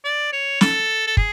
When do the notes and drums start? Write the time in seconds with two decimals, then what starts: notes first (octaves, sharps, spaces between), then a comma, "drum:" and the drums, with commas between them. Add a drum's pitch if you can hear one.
0.04 D5
0.33 C#5
0.61 A4, drum: snare
1.07 A4
1.17 G#4, drum: kick